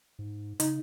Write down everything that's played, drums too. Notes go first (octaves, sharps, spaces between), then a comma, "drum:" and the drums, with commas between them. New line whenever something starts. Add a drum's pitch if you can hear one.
G#2
C#3 D#4, drum: hi-hat